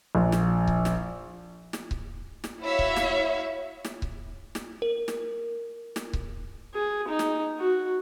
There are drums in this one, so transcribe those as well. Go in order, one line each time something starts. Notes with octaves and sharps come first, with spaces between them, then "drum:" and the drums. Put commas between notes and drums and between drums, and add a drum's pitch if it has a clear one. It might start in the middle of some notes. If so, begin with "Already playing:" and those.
A#1
drum: snare
drum: kick C#1
drum: snare
drum: snare
drum: kick C#1
drum: snare
E4 F#4 C#5 E5 F5
drum: kick C#1
drum: snare
drum: snare
drum: kick C#1
drum: snare
A#4
drum: snare
drum: snare
drum: kick C#1
G#4
D#4
drum: snare
F#4